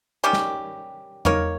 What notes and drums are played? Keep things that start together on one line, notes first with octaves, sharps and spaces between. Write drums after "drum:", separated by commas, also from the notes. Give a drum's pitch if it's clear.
D#3 G3 C#4 G4
drum: snare
A#3 D#4 A#4 C#5, drum: tom E2